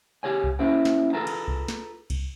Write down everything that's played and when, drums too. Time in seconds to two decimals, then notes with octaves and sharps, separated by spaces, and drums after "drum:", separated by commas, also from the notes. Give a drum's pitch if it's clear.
0.23 G4 G#4 C#5 G#5
0.44 drum: kick C2
0.59 A#3 C#4 E4 G#4 C5 G5
0.85 drum: snare
1.13 F4 G#4 A4 B4 A5 A#5
1.27 drum: cymbal
1.48 drum: kick C2
1.68 drum: snare
2.10 drum: kick C2, cymbal